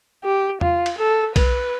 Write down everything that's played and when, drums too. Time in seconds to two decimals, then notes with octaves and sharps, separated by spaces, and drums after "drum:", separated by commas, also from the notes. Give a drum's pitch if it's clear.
0.24 G4
0.61 F4, drum: tom E2
0.86 drum: cymbal
0.98 A4
1.36 B4, drum: kick, cymbal